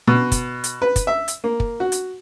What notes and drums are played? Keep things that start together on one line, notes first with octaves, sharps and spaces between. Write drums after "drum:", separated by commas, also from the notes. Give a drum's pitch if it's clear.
B2
drum: kick, hi-hat
drum: hi-hat
B4
drum: kick, hi-hat
E5
drum: hi-hat
A#3
drum: kick
F#4
drum: hi-hat